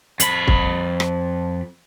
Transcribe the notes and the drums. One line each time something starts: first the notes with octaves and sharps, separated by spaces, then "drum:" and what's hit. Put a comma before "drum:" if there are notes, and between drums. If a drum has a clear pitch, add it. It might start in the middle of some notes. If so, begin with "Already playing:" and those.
F2 B5, drum: hi-hat
drum: kick
drum: rim click